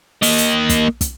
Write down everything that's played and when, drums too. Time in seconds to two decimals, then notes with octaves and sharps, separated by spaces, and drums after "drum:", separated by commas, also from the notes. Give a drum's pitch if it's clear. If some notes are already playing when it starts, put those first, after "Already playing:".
0.22 A#3 D#5, drum: open hi-hat
0.38 drum: hi-hat
0.69 drum: kick, hi-hat
1.01 drum: kick, hi-hat